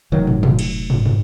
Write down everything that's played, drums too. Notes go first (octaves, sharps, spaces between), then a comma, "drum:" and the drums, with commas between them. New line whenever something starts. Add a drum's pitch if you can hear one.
F1 D#3 F#3
drum: tom
drum: tom
drum: cymbal
drum: tom
drum: tom